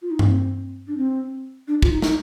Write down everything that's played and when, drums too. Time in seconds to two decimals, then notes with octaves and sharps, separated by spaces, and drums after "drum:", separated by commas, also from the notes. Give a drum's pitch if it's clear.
0.02 F4
0.10 D#4
0.19 D4, drum: tom G2
0.27 C4
0.87 D4
0.97 C4
1.67 D4
1.82 F4, drum: kick
1.91 D#4
2.02 D#4, drum: snare